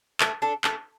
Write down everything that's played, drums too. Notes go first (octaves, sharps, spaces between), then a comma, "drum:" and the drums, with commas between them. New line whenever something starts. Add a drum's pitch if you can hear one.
A3, drum: clap
D4 A4
A3, drum: clap